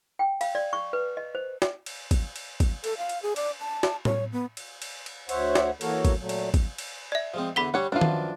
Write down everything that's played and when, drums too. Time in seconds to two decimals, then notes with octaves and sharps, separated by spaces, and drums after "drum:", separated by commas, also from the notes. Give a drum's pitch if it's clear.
0.19 G5
0.41 F5, drum: cymbal
0.55 D5
0.73 C#6
0.93 B4
1.17 D#5
1.35 C5
1.62 drum: snare
1.86 drum: cymbal
2.11 drum: kick G#1, cymbal
2.36 drum: cymbal
2.60 drum: kick G#1, cymbal
2.84 A4, drum: cymbal
2.98 F5
3.09 drum: cymbal
3.23 G#4
3.36 D5, drum: cymbal
3.60 A5
3.83 drum: snare
4.05 C#5, drum: tom A2
4.32 B3
4.57 drum: cymbal
4.82 drum: cymbal
5.06 drum: cymbal
5.29 D2 C5 C#5 E5 F#5, drum: cymbal
5.55 drum: snare
5.81 E3 A#3 F#4 A4 A#4 C#5, drum: cymbal
6.05 drum: kick G#1, cymbal
6.19 A#2 F#3 A3
6.29 drum: cymbal
6.54 drum: kick G#1, cymbal
6.78 drum: cymbal
7.12 D5 E5
7.34 F3 G#3 C4
7.56 E2 D3 D4 B5 B6 G7
7.74 G3 D4 C#5 F#5
7.92 F#2 E3 F3 D4 F4
8.01 drum: tom D#3